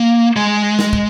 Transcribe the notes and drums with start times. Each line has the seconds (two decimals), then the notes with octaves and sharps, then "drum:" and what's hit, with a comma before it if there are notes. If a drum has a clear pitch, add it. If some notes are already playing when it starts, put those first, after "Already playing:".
Already playing: A#3
0.36 G#3
0.79 drum: snare
0.93 drum: kick